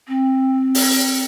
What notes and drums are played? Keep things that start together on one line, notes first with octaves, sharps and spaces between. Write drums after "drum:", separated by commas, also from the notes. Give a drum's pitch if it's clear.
C4
drum: open hi-hat